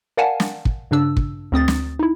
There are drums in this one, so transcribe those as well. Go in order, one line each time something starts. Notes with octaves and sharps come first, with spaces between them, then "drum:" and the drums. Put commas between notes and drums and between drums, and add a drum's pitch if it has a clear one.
A#4 D5 F5 F#5 G#5 A5
drum: snare
drum: kick
G2 C#3 D4 E6
drum: kick
D2 C4 D#6 A6
drum: snare
D#4 E4